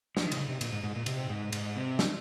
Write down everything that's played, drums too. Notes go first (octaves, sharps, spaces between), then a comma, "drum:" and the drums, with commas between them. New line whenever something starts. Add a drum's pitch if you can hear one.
F3, drum: snare
D#3
C3, drum: cymbal
C#3
C3
A#2, drum: cymbal
G#2
G#2
A#2
C3, drum: cymbal
G#2
G#2, drum: cymbal
C3
drum: snare